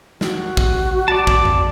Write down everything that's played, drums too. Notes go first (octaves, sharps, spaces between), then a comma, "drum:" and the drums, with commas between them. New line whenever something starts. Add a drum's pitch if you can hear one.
F#4, drum: snare
drum: kick
D5 A5
drum: kick
drum: tom F2